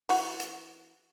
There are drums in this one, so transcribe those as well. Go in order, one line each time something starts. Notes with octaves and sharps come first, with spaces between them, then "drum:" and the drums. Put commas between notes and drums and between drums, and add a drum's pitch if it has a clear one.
E3 F#4, drum: open hi-hat
drum: hi-hat